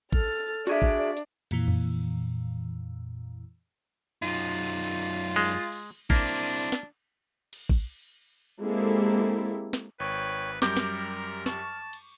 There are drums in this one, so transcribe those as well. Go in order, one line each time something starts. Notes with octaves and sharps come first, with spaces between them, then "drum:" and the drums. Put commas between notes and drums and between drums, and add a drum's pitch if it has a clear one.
A4 F6 A6, drum: kick
D4 F#4 G#4 D5 E5, drum: hi-hat
drum: kick
drum: hi-hat
F2 A#2 E3, drum: cymbal
drum: tom F2
F#2 D#4 F4
G#3, drum: cymbal
drum: open hi-hat
A#3 C4 D4 E4, drum: kick
drum: snare
drum: cymbal
drum: kick
G#3 A#3 C4 E4 G4 A4
drum: snare
G#1 B4 C#5 G5
F#2 G3 A#4 D6 F6 G6, drum: snare
drum: snare
A5 C#6, drum: snare
drum: cymbal